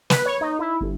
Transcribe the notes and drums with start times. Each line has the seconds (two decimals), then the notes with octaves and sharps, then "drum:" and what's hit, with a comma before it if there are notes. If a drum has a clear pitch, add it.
0.10 B4, drum: snare
0.26 C#5
0.41 D#4
0.59 E4
0.81 G1